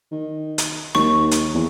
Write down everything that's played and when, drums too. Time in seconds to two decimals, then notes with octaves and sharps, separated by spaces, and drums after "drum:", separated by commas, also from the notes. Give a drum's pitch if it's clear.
0.11 D#3
0.58 drum: hi-hat
0.95 D#2 C#6, drum: snare
1.31 drum: hi-hat
1.54 E2